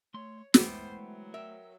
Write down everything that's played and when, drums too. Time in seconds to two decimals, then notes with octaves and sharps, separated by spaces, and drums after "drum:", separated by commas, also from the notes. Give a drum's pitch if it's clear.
0.14 A3 C#5 C6
0.54 E3 G#3 A3 B3 C5 G5, drum: snare
0.99 F#3
1.34 A#4 E5 G5